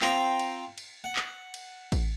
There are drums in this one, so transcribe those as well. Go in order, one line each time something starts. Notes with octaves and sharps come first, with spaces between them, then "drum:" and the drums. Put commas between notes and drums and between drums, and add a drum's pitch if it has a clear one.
C4 F4 G5 A#5 C6, drum: clap
drum: cymbal
drum: cymbal
F#5
drum: clap
drum: cymbal
drum: kick A1, cymbal